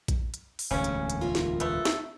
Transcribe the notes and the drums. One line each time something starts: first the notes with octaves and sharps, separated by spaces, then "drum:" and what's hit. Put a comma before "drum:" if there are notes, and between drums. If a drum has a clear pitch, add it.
drum: kick A1, hi-hat
drum: hi-hat
drum: open hi-hat
E1 D2 A2 C#3 C#4
drum: hi-hat
drum: hi-hat
F4 A#4 E5
drum: snare
A3 B3, drum: hi-hat
drum: snare